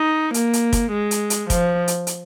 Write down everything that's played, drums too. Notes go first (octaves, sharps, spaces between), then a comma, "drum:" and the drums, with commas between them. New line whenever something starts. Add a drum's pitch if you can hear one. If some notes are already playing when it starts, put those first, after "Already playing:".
Already playing: D#4
A#3, drum: hi-hat
drum: hi-hat
drum: kick, hi-hat
G#3
drum: hi-hat
drum: hi-hat
F3, drum: kick, hi-hat
drum: hi-hat
drum: hi-hat